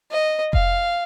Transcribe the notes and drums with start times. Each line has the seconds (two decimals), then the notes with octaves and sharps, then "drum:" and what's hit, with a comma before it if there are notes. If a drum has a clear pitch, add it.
0.11 D#5
0.53 F5, drum: kick F1